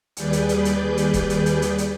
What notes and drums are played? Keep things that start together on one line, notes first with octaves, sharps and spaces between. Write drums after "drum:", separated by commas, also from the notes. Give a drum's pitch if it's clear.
D#2 G3 G#4 B4 D5 G6, drum: hi-hat
drum: hi-hat
drum: hi-hat
drum: hi-hat
drum: hi-hat
drum: kick F1, hi-hat
drum: hi-hat
drum: hi-hat
drum: hi-hat
drum: hi-hat